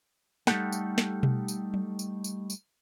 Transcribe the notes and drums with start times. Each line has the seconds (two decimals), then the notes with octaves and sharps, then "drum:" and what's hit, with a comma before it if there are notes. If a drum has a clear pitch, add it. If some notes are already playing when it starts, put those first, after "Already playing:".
0.47 G3 A3 D#4 G4 A4 F#5, drum: snare
0.72 drum: tambourine
0.98 drum: snare
1.23 drum: tom B2
1.48 drum: tambourine
1.74 drum: tom F#3
1.99 drum: tambourine
2.24 drum: tambourine
2.50 drum: tambourine